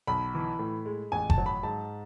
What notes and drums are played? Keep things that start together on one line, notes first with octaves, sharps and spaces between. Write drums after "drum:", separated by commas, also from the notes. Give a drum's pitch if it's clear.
B1 B5
E3
A2
G#3
A1 G#5
A5, drum: kick F#1
F#3
B5
G#2 A5